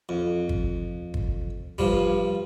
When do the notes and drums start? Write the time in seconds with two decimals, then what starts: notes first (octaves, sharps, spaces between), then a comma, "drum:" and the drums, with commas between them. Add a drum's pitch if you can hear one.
0.09 F2
0.49 drum: kick
1.14 drum: kick
1.78 G2 F3 G3, drum: kick